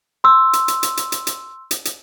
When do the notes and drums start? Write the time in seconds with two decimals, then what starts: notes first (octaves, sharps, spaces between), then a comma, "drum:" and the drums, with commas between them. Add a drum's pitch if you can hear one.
0.24 C6 E6
0.53 drum: hi-hat
0.68 drum: hi-hat
0.83 drum: hi-hat
0.97 drum: hi-hat
1.12 drum: hi-hat
1.27 drum: hi-hat
1.71 drum: hi-hat
1.85 drum: hi-hat